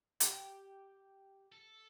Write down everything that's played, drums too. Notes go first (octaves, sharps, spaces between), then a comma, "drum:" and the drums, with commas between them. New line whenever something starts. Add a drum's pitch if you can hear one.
G4, drum: hi-hat
A4